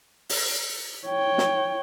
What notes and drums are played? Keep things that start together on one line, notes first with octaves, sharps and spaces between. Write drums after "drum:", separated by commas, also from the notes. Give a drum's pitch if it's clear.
drum: open hi-hat
C#5 G5
drum: snare